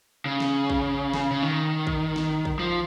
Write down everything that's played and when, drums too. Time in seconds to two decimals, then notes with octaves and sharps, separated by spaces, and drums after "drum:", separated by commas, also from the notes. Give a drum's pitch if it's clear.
0.26 C#3
0.40 drum: snare
0.70 drum: kick
1.14 drum: snare
1.31 C#3
1.42 D#3
1.87 drum: kick
2.16 drum: snare
2.45 drum: kick
2.59 F3